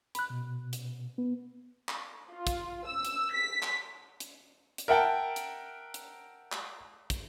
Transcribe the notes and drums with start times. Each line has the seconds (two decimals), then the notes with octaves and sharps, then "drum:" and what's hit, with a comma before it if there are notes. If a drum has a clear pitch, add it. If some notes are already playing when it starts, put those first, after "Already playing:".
0.15 B5 F#6, drum: hi-hat
0.30 B2
0.73 drum: hi-hat
1.18 B3
1.89 drum: clap
2.31 F4
2.47 drum: kick, hi-hat
2.86 E6
3.05 drum: hi-hat
3.34 B6
3.62 drum: clap
4.20 drum: hi-hat
4.78 drum: hi-hat
4.88 A#4 E5 F#5 G5 A5
5.36 drum: hi-hat
5.94 drum: hi-hat
6.52 drum: clap
7.10 drum: kick, hi-hat